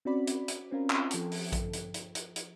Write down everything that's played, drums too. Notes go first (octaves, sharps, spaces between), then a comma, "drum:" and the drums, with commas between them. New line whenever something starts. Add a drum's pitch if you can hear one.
C4 C#4 F#4 D5 B5
drum: hi-hat
drum: hi-hat
C4 C#4 F4 A#4
drum: clap
F3 A4 G5, drum: hi-hat
drum: open hi-hat
drum: kick A#1, hi-hat
drum: hi-hat
drum: hi-hat
drum: hi-hat
drum: hi-hat